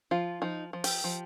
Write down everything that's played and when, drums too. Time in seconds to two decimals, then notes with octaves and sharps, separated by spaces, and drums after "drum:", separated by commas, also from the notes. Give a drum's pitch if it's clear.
0.11 F3 F4
0.42 F3 D#4
0.73 F3
0.84 G4, drum: open hi-hat
1.04 F3